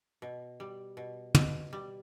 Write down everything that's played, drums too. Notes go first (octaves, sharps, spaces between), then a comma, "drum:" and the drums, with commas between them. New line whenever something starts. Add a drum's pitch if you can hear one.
B2
G3
B2
B2, drum: tom
G3